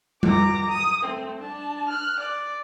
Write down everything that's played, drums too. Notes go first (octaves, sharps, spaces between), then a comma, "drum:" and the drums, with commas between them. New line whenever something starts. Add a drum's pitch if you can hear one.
A#5 D6, drum: tom G3
D#6
A3 C4
D4 A5
F6 F#6
D5